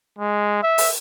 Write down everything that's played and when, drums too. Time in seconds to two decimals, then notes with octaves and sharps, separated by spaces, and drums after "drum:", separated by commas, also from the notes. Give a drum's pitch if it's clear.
0.19 G#3
0.63 E5
0.78 drum: open hi-hat